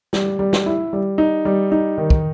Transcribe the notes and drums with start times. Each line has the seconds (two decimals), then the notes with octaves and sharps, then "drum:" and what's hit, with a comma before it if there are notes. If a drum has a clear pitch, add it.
0.13 G3, drum: snare
0.39 G3
0.53 drum: snare
0.66 E4
0.93 G3
1.18 D#4
1.45 G3
1.72 D#4
1.98 D#3
2.10 drum: kick